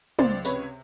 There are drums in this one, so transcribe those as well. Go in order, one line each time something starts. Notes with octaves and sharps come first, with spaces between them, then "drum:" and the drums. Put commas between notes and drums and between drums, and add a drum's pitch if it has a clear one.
C#2 C5 D5, drum: tom
C3 B4 C#5, drum: tambourine